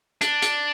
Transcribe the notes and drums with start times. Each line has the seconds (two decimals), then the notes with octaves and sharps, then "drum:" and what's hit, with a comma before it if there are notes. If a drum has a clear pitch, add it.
0.21 D4, drum: hi-hat
0.42 drum: hi-hat